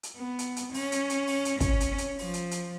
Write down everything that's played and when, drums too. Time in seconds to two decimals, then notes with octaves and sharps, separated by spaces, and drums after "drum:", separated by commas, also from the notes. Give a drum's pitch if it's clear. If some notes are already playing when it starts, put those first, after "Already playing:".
0.03 drum: hi-hat
0.17 B3
0.39 drum: hi-hat
0.56 drum: hi-hat
0.74 C#4, drum: open hi-hat
0.92 drum: hi-hat
1.10 drum: hi-hat
1.27 drum: open hi-hat
1.45 drum: hi-hat
1.60 C#4, drum: kick, hi-hat
1.80 drum: hi-hat
1.98 drum: hi-hat
2.19 F3, drum: open hi-hat
2.34 drum: hi-hat
2.51 drum: hi-hat